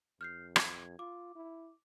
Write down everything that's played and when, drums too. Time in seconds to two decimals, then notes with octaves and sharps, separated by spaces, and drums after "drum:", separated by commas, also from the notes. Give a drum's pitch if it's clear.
0.21 F2 F6 G6 C7
0.56 G#6, drum: rim click
0.99 F4 D6
1.36 E4